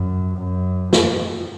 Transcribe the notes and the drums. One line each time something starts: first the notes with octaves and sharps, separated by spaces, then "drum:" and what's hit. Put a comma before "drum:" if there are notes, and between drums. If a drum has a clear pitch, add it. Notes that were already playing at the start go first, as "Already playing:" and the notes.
Already playing: F#2
F#2
F2, drum: snare